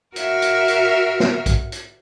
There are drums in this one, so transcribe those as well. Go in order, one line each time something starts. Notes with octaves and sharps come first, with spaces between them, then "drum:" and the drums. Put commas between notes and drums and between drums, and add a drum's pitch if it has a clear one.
F#4 A#4 E5 F5, drum: hi-hat
drum: hi-hat
drum: hi-hat
drum: snare
drum: kick, hi-hat
drum: hi-hat